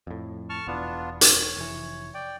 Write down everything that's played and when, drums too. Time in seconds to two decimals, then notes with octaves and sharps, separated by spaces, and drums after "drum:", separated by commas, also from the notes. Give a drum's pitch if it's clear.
0.07 F2 A2
0.50 A5 C#6 F6
0.67 E1 E2 B3 D4 F4
1.21 C#5, drum: hi-hat
1.57 F1 E3
2.14 D5 G5